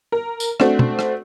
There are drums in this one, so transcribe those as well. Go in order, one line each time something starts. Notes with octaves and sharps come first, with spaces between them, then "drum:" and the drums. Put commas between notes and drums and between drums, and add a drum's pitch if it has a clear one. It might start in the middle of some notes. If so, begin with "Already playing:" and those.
A#4
drum: tambourine
A3 C4 D4 F#4, drum: rim click
drum: tom
drum: rim click